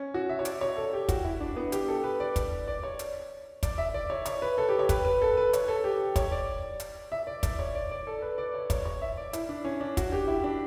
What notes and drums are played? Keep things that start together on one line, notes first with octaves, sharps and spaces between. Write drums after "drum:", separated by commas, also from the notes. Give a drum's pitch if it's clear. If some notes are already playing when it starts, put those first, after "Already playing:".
Already playing: C#4
F#4
E5
C#5
D5, drum: hi-hat
C#5
A4
G4
F#4, drum: kick, hi-hat
E4
D4
B3
G4, drum: hi-hat
A4
B4
D5
drum: kick, hi-hat
D5
C#5
drum: hi-hat
D5, drum: kick, hi-hat
E5
D5
C#5
C#5, drum: hi-hat
B4
A4
G4
C#5
B4, drum: kick, hi-hat
B4
A4
B4
C#5, drum: hi-hat
A4
G4
C#5, drum: kick, hi-hat
D5
drum: hi-hat
E5
D5
D5, drum: kick, hi-hat
C#5
D5
D5
A4
B4
D5
C#5
C#5, drum: kick, hi-hat
C#5
E5
D5
E4, drum: hi-hat
D4
C#4
D4
F#4, drum: kick, hi-hat
G4
E4
D4